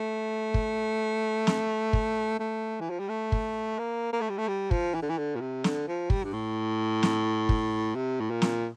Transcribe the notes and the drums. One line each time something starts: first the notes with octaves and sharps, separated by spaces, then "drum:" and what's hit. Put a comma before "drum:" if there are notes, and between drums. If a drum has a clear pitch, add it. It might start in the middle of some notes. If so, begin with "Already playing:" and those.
Already playing: A3
drum: kick
drum: snare
drum: kick
A3
E3
F3
G3
A3
drum: kick
A#3
A#3
A3
G3
A3
G3
F3, drum: kick
E3
D3
E3
D3
A#2
C3
D3, drum: snare
F3
G3, drum: kick
G2
A2
drum: snare
drum: kick
C3
A2
A#2
drum: snare